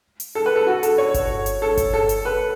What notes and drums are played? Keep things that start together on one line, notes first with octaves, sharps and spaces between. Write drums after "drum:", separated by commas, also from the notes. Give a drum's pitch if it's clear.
drum: hi-hat
A4
B4
A4
F#4
A4, drum: hi-hat
C#5
drum: kick G1, hi-hat
drum: hi-hat
A4
drum: kick G1, hi-hat
A4
drum: hi-hat
B4